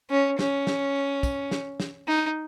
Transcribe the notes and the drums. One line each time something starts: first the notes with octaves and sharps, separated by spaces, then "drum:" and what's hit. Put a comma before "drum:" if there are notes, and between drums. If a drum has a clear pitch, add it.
C#4
C#4, drum: snare
drum: snare
drum: kick, tambourine
drum: snare
drum: snare
D#4